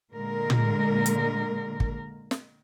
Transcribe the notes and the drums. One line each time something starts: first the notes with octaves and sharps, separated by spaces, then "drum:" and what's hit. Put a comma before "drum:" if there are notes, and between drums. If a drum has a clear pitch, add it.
A#2 D3 G#3 A#4
drum: tom
drum: hi-hat
drum: kick
drum: snare